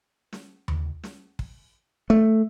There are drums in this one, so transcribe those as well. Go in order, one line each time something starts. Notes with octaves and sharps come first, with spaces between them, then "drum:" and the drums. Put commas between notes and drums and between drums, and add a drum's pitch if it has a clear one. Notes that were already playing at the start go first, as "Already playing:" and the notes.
drum: snare
drum: tom D#2
drum: snare
drum: kick
A3